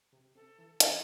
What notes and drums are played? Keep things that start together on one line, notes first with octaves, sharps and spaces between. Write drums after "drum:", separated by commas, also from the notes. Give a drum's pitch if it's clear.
C3
C3 A4
E3
E3 A4, drum: hi-hat